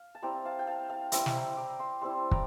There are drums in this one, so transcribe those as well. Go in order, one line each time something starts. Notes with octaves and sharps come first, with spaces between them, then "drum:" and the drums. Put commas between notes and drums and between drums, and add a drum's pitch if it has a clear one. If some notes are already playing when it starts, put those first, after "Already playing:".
Already playing: F5
A5
G3 C4 E4 G5 A#5
F5 A5
G5
F5 A5
F5 A5
G3 C4 E4 E5 G5, drum: hi-hat
C6, drum: snare
G5 A#5
A#5 D6
C6 E6
G3 C4 E4 A5 C6
A#5 D6, drum: kick